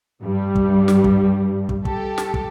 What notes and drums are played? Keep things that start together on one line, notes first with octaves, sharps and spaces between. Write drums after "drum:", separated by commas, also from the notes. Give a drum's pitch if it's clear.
G2 G3
drum: kick
drum: snare
drum: kick
drum: kick
G4 A4, drum: kick
drum: snare
drum: kick